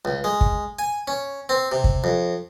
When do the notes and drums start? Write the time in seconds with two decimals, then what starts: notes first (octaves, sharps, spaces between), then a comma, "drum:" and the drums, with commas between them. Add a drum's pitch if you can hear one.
0.05 C#2
0.24 G#3
0.41 drum: kick
0.79 G#5
1.08 C#4
1.49 C4
1.72 C3
1.84 drum: kick
2.04 F2